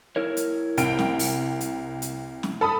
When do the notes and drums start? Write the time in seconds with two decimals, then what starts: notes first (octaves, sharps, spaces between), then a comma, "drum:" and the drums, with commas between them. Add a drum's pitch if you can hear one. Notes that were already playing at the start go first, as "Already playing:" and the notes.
0.16 E4 A#4 C#5
0.37 drum: hi-hat
0.77 C2 G5 D7, drum: hi-hat
0.99 drum: snare
1.19 drum: open hi-hat
1.61 drum: hi-hat
2.02 drum: hi-hat
2.43 drum: snare
2.61 A4 B5 D#6